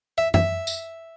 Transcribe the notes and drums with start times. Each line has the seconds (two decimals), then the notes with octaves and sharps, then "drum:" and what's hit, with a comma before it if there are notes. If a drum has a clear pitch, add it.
0.18 E5
0.34 E5, drum: tom F#2
0.67 drum: tambourine